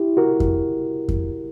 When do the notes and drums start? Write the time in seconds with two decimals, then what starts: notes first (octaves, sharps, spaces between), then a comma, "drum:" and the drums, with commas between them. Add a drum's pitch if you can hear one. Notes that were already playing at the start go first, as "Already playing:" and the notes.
Already playing: E4 G4
0.17 F#4 A#4
0.40 drum: kick F2
1.09 drum: kick F2